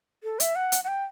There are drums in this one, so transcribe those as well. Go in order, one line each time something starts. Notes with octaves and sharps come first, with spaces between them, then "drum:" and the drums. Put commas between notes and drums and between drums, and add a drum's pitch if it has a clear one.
A4
E5, drum: hi-hat
F#5
drum: hi-hat
F#5
G5